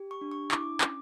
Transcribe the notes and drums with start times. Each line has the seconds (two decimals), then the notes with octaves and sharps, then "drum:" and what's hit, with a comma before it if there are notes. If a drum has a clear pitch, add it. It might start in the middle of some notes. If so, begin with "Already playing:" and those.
Already playing: G4
0.11 C#6
0.21 D4
0.32 C#6
0.52 E4 D6, drum: clap
0.81 C#4, drum: clap